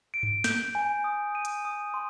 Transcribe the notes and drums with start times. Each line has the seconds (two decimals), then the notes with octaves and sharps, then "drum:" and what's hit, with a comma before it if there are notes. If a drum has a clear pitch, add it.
0.14 D7
0.23 drum: tom G2
0.44 G6, drum: snare
0.75 G#5
1.04 D#6
1.35 D#7
1.45 drum: hi-hat
1.65 D#6
1.94 C6